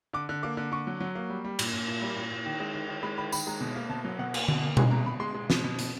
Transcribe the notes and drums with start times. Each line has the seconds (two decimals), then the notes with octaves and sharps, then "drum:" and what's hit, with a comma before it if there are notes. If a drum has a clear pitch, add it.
0.13 D3 D6
0.29 D3
0.43 A#3 D6
0.57 D3
0.72 D3 C#6
0.87 F#3
1.00 F#3
1.15 A#3
1.30 G3
1.44 G3
1.59 A#2, drum: cymbal
1.73 A#2
1.88 A#2
2.02 G3
2.16 A#2
2.31 A#2
2.46 D#3
2.60 G#3
2.74 D#3
2.88 D#3
3.03 G#3 B5
3.18 D#3 B5
3.32 D#3 B5, drum: tambourine
3.47 G#3 A#5
3.60 B2
3.75 A#3
3.89 B2 A5
4.05 F#3
4.19 B2 F#5
4.34 A#3, drum: cymbal
4.48 B2, drum: tom D3
4.63 A#3
4.77 G#3 G#5, drum: tom B2
4.91 B2 A#5
5.06 B2 B5
5.20 G#3 C6
5.35 G#3
5.50 B2, drum: snare
5.64 B2
5.79 B2, drum: hi-hat